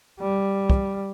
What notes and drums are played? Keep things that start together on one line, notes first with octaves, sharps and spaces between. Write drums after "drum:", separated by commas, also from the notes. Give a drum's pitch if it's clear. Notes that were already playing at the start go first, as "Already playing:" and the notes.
G3
drum: kick